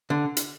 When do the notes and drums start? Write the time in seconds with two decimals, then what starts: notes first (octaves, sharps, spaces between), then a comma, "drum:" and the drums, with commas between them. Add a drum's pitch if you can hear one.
0.10 D3
0.37 drum: hi-hat